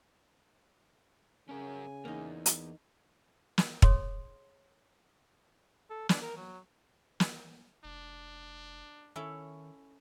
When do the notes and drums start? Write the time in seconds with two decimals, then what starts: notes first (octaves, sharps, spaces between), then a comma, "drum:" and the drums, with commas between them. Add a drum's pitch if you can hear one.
1.49 C#3 C#4 A#4 G#5
2.05 E2 A#3 D#4
2.46 drum: hi-hat
3.58 drum: snare
3.82 G#4 C#5 C6 D#6, drum: kick
5.90 A4
6.09 D4, drum: snare
6.22 A#4
6.36 F#3
7.20 drum: snare
7.84 F1 D4
9.16 D#3 C#4 E4 A4